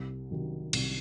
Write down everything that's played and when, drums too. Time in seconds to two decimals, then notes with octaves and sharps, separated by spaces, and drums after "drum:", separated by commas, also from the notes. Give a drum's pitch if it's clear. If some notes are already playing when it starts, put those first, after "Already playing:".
Already playing: C2
0.31 C3 D#3 F#3
0.73 C2, drum: cymbal